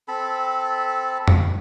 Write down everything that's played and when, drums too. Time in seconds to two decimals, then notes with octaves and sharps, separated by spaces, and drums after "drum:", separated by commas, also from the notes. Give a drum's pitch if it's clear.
0.08 C4 A4 A5 B5
1.28 drum: tom F2